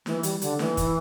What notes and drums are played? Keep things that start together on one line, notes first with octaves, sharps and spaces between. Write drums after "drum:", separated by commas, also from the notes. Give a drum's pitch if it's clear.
E3, drum: snare
G3, drum: hi-hat
D3, drum: hi-hat
E3, drum: snare
drum: kick, hi-hat